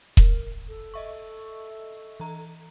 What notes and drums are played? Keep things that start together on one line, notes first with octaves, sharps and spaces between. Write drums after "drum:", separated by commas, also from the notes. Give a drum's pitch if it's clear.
A#4, drum: kick E1
A4
D#5 E5 C#6
E3 A#5